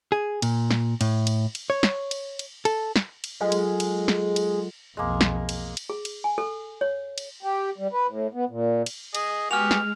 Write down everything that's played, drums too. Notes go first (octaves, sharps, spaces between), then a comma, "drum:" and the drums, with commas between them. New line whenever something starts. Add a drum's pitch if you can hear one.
G#4
A#2, drum: cymbal
drum: snare
A2, drum: cymbal
drum: cymbal
drum: cymbal
C#5
drum: snare
drum: cymbal
drum: cymbal
A4, drum: cymbal
drum: snare
drum: cymbal
F#3 G#3 F4 A4
drum: cymbal
drum: cymbal
drum: snare
drum: cymbal
B1 F2 G#3 A#3
drum: snare
drum: cymbal
drum: cymbal
G#4
drum: cymbal
G#5
A4
C#5
drum: cymbal
G4
G3
B4
A2
B3
A#2
drum: cymbal
G#4 D#5, drum: cymbal
G#3 B3 F#4 G4 G#5 F6 F7
drum: snare